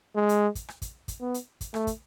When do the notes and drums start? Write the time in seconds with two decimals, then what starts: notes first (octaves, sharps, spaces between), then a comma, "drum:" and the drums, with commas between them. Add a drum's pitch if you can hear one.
0.16 G#3
0.29 drum: hi-hat
0.55 drum: kick, hi-hat
0.68 drum: rim click
0.82 drum: kick, hi-hat
1.08 drum: kick, hi-hat
1.21 B3
1.34 drum: hi-hat
1.61 drum: kick, hi-hat
1.74 A3, drum: rim click
1.87 drum: kick, hi-hat